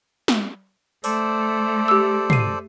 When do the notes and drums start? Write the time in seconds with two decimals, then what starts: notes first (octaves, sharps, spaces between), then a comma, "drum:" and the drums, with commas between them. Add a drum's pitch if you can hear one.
0.28 drum: snare
1.04 A3 A4 C5 D5, drum: open hi-hat
1.88 G4 E6
2.30 C7 D#7, drum: tom